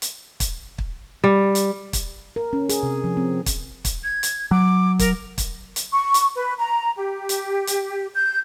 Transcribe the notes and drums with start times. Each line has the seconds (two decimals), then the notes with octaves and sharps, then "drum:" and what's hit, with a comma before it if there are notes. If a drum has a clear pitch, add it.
0.02 drum: hi-hat
0.40 drum: kick, hi-hat
0.78 drum: kick
1.24 G3
1.55 drum: hi-hat
1.93 drum: kick, hi-hat
2.36 A#4
2.53 C#4
2.69 G#4, drum: hi-hat
2.83 C3
3.04 F3
3.17 C4
3.46 drum: kick, hi-hat
3.85 drum: kick, hi-hat
4.04 G#6
4.23 drum: hi-hat
4.51 F#3 D6
4.99 A#4, drum: kick, hi-hat
5.38 drum: kick, hi-hat
5.76 drum: hi-hat
5.92 C#6
6.14 drum: hi-hat
6.36 B4
6.59 A#5
6.96 G4
7.29 drum: hi-hat
7.67 drum: hi-hat
8.14 G6